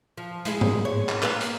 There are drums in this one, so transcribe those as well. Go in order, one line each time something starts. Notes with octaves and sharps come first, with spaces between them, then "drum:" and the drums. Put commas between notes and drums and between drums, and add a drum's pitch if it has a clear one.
F3
G#3 E4 G#4, drum: hi-hat
drum: tom G#2
C#5
drum: clap
A#3 B4 F5, drum: clap
drum: hi-hat